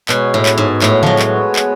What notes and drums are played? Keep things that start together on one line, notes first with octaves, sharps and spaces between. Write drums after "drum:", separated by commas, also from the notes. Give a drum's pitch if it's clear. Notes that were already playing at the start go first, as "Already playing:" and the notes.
B2 G#3 B3 F#4 C#5, drum: clap
A2
drum: clap
G#2
A2, drum: clap
F3 F#3, drum: tom C#3
drum: clap
drum: clap